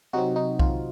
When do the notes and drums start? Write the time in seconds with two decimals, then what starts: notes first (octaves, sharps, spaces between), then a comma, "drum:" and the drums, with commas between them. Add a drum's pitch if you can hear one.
0.13 C3 F#3 C4 D#4 F#4
0.36 D#4
0.60 F4, drum: kick B1